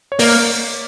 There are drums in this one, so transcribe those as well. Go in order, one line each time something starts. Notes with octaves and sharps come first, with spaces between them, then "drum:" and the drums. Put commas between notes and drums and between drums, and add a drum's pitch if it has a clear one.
C#5
A#3 D5, drum: open hi-hat